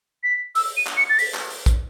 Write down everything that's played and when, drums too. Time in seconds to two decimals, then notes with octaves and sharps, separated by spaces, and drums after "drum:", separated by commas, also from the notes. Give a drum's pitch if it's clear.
0.23 B6
0.55 E6, drum: open hi-hat
0.77 D#7
0.87 drum: clap
0.97 C#7
1.10 A6
1.19 B6, drum: open hi-hat
1.34 drum: clap
1.50 drum: open hi-hat
1.66 drum: kick, hi-hat